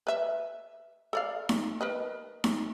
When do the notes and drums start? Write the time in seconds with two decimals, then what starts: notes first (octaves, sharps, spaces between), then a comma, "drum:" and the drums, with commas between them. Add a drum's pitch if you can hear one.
0.07 B4 E5
1.13 A4 D5 F5
1.49 drum: snare D#4
1.81 A#4 B4 D#5
2.44 drum: snare D#4